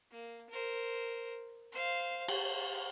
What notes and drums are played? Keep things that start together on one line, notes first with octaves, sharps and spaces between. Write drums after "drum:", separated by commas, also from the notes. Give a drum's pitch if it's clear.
A#3
A#4 C5
C5 F5
C5, drum: cymbal